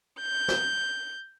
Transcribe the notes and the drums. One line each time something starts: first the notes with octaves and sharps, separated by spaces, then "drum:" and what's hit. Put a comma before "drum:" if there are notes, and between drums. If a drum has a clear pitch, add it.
G6
drum: snare